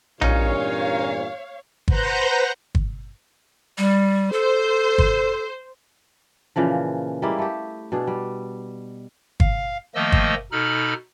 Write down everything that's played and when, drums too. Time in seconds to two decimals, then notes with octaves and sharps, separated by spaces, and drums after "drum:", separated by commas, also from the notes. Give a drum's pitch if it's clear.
0.21 E2 G2 A#2 C#4 D#4 C#5 F5, drum: tom A#1
1.88 B4 C5 F#5 A#5 G6 A#6, drum: kick
2.75 drum: kick
3.78 G3
4.32 A4 C5
4.98 drum: kick
6.56 A#2 C#3 E3 F3
7.22 G3 G#3 A#3 E4
7.38 A3 G4
7.92 B2 D4 G#4
8.07 G3
9.40 F5, drum: kick
9.95 D#3 F3 A3 A#3 D#5 E6
10.12 drum: kick
10.52 B2 D#4 A4 B5 F6